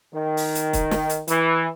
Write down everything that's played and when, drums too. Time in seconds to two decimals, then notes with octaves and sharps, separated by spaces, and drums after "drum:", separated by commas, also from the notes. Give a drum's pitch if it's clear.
0.14 D#3
0.37 drum: open hi-hat
0.55 drum: hi-hat
0.73 drum: kick, hi-hat
0.91 drum: snare
1.09 drum: hi-hat
1.28 E3, drum: hi-hat